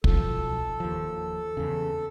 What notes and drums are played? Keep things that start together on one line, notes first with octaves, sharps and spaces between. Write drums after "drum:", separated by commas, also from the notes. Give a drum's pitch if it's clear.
B1 F3 A4, drum: kick
D#2 F3
E2 C#3